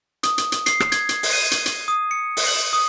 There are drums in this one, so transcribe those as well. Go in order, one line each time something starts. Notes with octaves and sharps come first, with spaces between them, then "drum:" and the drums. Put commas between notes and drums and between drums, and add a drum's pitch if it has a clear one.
D#6, drum: hi-hat
drum: hi-hat
drum: hi-hat
C7, drum: hi-hat
drum: rim click
G#6, drum: hi-hat
drum: hi-hat
drum: open hi-hat
D#7
drum: hi-hat
drum: hi-hat
D#6
C#7
drum: open hi-hat
F#7
D#6